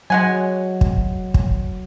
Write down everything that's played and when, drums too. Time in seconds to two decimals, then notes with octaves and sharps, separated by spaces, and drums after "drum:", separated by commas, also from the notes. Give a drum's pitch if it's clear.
0.10 F#3 G#3 F#5 G#5
0.81 drum: kick
1.34 drum: kick